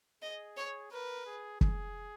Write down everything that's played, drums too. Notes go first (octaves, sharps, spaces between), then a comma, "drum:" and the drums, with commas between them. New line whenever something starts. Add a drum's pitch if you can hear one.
G#4 D#5
C#5
A#4 B4
G#4
G#4, drum: kick